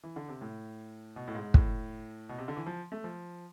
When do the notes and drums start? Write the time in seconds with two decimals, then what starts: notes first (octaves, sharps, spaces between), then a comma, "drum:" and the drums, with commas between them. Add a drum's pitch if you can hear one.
0.03 E3
0.16 D3
0.28 C3
0.41 A2
1.16 B2
1.28 A2
1.35 G#2
1.54 A2, drum: kick
2.29 B2
2.38 C3
2.48 D3
2.57 E3
2.66 F3
2.92 A3
3.04 F3